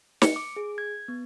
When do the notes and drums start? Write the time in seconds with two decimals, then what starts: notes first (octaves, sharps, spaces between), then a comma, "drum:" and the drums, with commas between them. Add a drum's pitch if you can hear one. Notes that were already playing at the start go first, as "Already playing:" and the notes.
0.22 C#7, drum: snare
0.36 D6
0.56 G#4
0.78 G#6
1.08 B3